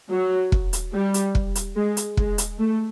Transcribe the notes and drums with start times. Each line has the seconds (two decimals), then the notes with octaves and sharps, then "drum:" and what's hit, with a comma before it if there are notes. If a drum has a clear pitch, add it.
0.10 F#3
0.52 drum: kick
0.73 drum: hi-hat
0.93 G3
1.14 drum: hi-hat
1.35 drum: kick
1.55 drum: hi-hat
1.76 G#3
1.97 drum: hi-hat
2.17 G#3, drum: kick
2.38 drum: hi-hat
2.59 A3